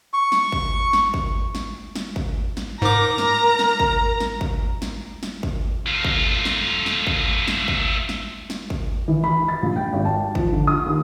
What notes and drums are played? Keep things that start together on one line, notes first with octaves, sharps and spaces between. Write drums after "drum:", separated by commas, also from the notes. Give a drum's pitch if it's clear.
C#6
drum: snare
drum: kick
drum: snare
drum: kick
drum: snare
drum: snare
drum: kick
drum: snare
G#2 A#4 A#5 D6
drum: snare
drum: snare
drum: kick
drum: snare
drum: kick
drum: snare
drum: snare
drum: kick
A3 F4
drum: kick
drum: snare
drum: snare
drum: kick
drum: snare
drum: kick
drum: snare
drum: snare
drum: kick
E3
B5
A6
A#1
G5
G#1
A5
F3, drum: kick
D3
D#6
D#2